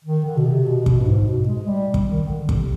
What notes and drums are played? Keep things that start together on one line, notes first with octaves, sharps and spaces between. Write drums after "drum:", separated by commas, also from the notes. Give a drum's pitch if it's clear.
D#3
D3
B2
C3
B2
B2, drum: kick
G2
G#2
B2
G#3
G3
drum: kick
D#3
D3
C3, drum: kick